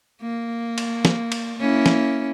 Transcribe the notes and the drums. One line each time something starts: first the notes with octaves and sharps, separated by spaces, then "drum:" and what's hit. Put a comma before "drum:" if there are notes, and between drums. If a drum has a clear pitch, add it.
A#3
drum: cymbal
drum: snare
drum: cymbal
A#3 C#4 E4
drum: snare